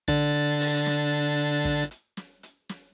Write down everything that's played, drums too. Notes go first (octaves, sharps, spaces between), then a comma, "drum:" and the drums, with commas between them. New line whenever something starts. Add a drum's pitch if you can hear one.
D3 D4 A6, drum: kick, hi-hat
drum: hi-hat
drum: open hi-hat
drum: snare
drum: hi-hat
drum: hi-hat
drum: kick, hi-hat
drum: hi-hat
drum: snare
drum: hi-hat
drum: snare